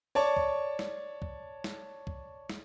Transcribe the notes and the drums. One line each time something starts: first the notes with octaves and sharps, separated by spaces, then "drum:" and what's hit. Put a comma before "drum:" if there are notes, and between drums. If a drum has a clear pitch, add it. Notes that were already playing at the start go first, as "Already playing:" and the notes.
C#5 D5 A5 C#6
drum: kick
drum: snare
drum: kick
drum: snare
drum: kick
drum: snare